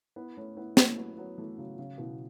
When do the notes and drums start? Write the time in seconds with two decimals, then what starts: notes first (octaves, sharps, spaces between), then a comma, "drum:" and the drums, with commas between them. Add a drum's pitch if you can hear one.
0.16 B3 E4
0.37 A3 C#4
0.57 B3 E4
0.77 A3 C#4, drum: snare
0.97 F#3 B3
1.17 F#3 B3
1.38 E3 A3
1.58 C#3 F#3
1.78 C#3 F#3
1.98 B2 E3